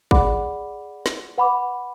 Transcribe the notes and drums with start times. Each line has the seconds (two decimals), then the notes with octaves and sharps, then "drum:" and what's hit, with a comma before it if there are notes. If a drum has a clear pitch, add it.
0.11 G#4 D5 F#5 B5 D6, drum: kick
1.06 drum: snare
1.38 B4 F#5 B5 D6